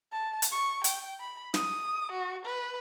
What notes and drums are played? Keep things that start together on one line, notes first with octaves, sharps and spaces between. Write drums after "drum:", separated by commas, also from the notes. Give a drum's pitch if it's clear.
A5
drum: hi-hat
C#6
G5, drum: hi-hat
B5
D#6, drum: snare
F#4
B4